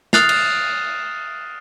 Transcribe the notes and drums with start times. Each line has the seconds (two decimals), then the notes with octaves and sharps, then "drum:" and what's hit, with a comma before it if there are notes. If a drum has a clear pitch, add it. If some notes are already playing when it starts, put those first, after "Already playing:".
0.13 D#6 F6 F#6 A6 C7 F7, drum: snare
0.29 drum: cymbal